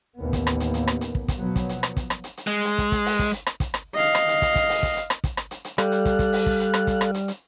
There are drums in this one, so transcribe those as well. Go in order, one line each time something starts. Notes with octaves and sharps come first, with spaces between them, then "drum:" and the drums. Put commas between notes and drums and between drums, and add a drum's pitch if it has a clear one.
A1 D#2 A#3 B3
drum: kick, hi-hat
drum: rim click
drum: hi-hat
drum: hi-hat
drum: rim click
drum: hi-hat
drum: kick
drum: kick, hi-hat
B2 F3 F#3 B3
drum: kick, hi-hat
drum: hi-hat
drum: rim click
drum: kick, hi-hat
drum: rim click
drum: hi-hat
drum: hi-hat
G#3
drum: hi-hat
drum: kick, hi-hat
drum: kick, hi-hat
drum: open hi-hat
drum: kick, hi-hat
drum: hi-hat
drum: rim click
drum: kick, hi-hat
drum: rim click
D#5 F5
drum: rim click
drum: hi-hat
drum: kick, hi-hat
drum: kick, hi-hat
drum: open hi-hat
drum: kick, hi-hat
drum: hi-hat
drum: rim click
drum: kick, hi-hat
drum: rim click
drum: hi-hat
drum: hi-hat
G3 A4 F5 F#6, drum: rim click
drum: hi-hat
drum: kick, hi-hat
drum: kick, hi-hat
drum: open hi-hat
drum: kick
drum: hi-hat
drum: rim click
drum: kick, hi-hat
drum: rim click
drum: hi-hat
drum: hi-hat